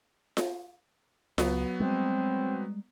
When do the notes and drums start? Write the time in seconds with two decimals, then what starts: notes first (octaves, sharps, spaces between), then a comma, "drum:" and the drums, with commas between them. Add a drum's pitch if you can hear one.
0.37 drum: snare F4
1.38 C#2 F#3 B3, drum: snare F4
1.80 G3 G#3 C4